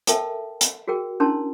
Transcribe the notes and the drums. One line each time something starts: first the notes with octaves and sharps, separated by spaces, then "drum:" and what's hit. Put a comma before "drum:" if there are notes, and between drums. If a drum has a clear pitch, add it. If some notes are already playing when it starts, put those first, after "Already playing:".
A4 A#4 E5 G5 A5, drum: hi-hat
drum: hi-hat
F#4 G#4 A#4 G5
C#4 D4 E4 A#4 A5 C6